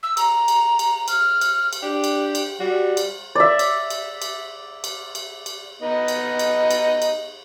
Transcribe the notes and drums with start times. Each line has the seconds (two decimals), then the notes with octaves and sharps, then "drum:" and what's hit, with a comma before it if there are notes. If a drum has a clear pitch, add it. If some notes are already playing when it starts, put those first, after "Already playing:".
0.03 E6
0.17 A#5, drum: cymbal
0.48 drum: cymbal
0.79 drum: cymbal
1.08 F6, drum: cymbal
1.41 drum: cymbal
1.73 drum: cymbal
1.83 D4 G4
2.04 drum: cymbal
2.35 drum: cymbal
2.60 G3 F#4
2.97 drum: cymbal
3.35 D5 E5
3.59 drum: cymbal
3.90 drum: cymbal
4.22 drum: cymbal
4.84 drum: cymbal
5.15 drum: cymbal
5.46 drum: cymbal
5.82 B3 D#4 D#5
6.08 drum: cymbal
6.39 drum: cymbal
6.71 drum: cymbal
7.02 drum: cymbal